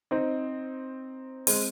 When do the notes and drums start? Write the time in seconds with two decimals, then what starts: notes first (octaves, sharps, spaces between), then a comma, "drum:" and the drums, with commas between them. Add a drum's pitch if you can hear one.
0.11 C4 D#4
1.47 G#3 C4, drum: open hi-hat